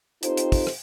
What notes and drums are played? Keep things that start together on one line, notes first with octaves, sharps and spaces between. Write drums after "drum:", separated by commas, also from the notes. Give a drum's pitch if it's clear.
C4 D#4 F4 G4 A4 C5, drum: hi-hat
drum: hi-hat
drum: kick, open hi-hat
drum: rim click